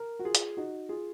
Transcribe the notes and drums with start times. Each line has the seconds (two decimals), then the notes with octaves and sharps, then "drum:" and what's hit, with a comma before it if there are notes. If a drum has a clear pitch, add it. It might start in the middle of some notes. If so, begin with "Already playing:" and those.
Already playing: A#4
0.19 F#4
0.25 F4 G#4
0.35 drum: hi-hat
0.57 D#4 F#4
0.89 F4 G#4